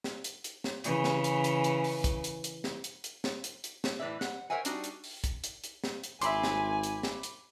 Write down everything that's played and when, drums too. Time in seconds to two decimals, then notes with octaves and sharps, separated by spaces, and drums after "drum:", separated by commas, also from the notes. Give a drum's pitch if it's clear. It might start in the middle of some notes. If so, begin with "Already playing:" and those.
0.04 drum: snare
0.24 drum: hi-hat
0.44 drum: hi-hat
0.64 drum: snare
0.84 C#3 E3, drum: hi-hat
1.04 drum: snare
1.24 drum: hi-hat
1.44 drum: hi-hat
1.64 drum: hi-hat
1.84 drum: open hi-hat
2.04 drum: kick, hi-hat
2.24 drum: hi-hat
2.44 drum: hi-hat
2.64 drum: snare
2.84 drum: hi-hat
3.04 drum: hi-hat
3.24 drum: snare
3.44 drum: hi-hat
3.64 drum: hi-hat
3.84 drum: snare
3.99 A2 E3 B4 D5 E5
4.21 F#5, drum: snare
4.50 A#4 C5 C#5 E5 F#5 G#5
4.65 G3 D4 D#4 F#4, drum: hi-hat
4.84 drum: hi-hat
5.04 drum: open hi-hat
5.24 drum: kick, hi-hat
5.44 drum: hi-hat
5.64 drum: hi-hat
5.84 drum: snare
6.04 drum: hi-hat
6.21 G#1 E5 G#5 B5 C6 D6, drum: hi-hat
6.43 drum: snare
6.83 drum: hi-hat
7.03 drum: snare
7.23 drum: hi-hat